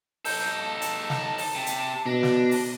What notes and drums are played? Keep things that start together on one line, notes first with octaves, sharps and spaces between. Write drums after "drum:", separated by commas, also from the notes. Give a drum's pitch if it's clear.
D#4 A4 G6, drum: open hi-hat
A5
drum: hi-hat
drum: snare
drum: open hi-hat
C3
drum: hi-hat
B2 D4 A#6
drum: snare
drum: open hi-hat